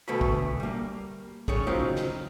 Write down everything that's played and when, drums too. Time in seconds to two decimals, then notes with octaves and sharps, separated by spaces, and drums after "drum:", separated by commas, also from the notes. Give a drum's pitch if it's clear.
0.08 D2 B2 A3 B5
0.21 drum: kick
0.60 G3 A#3
1.48 G3 G#4 C#5, drum: kick
1.67 C#3 F#3 C4 D#4 F4 G4
1.96 drum: snare